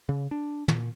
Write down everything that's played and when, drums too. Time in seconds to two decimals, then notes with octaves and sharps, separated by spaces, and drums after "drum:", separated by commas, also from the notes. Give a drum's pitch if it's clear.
0.09 C#3
0.31 D4
0.68 A#2, drum: tom